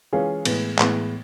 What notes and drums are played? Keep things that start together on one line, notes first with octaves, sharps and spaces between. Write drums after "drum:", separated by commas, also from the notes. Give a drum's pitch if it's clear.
E3 G#3 C#4 F4 G#4
A2 E3 G#3 B3, drum: cymbal
A2 E3 G#3 B3, drum: clap